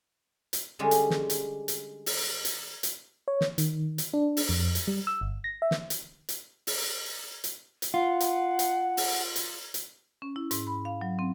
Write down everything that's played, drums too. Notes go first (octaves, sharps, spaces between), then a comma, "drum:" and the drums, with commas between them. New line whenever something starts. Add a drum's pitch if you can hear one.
drum: hi-hat
D3 G3 G#3 C#4
drum: hi-hat
drum: snare
drum: hi-hat
drum: hi-hat
drum: open hi-hat
drum: hi-hat
drum: hi-hat
C#5
drum: snare
D#3, drum: hi-hat
drum: hi-hat
D4
drum: open hi-hat
F2
drum: hi-hat
G3
E6
G1
A#6
E5
drum: snare
drum: hi-hat
drum: hi-hat
drum: open hi-hat
drum: hi-hat
drum: hi-hat
F4 F#5
drum: hi-hat
drum: hi-hat
drum: open hi-hat
drum: hi-hat
drum: hi-hat
C#4
E4
G#2, drum: hi-hat
B5
F5
F#3
C4